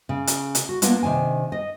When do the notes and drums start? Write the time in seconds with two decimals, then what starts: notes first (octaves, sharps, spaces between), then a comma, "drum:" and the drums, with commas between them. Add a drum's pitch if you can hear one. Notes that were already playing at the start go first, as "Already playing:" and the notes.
0.09 C#3
0.27 drum: hi-hat
0.55 drum: hi-hat
0.69 F#4
0.82 A#3 B3 D4 F4, drum: hi-hat
1.03 C3 D#3 D4 G#5
1.52 D#5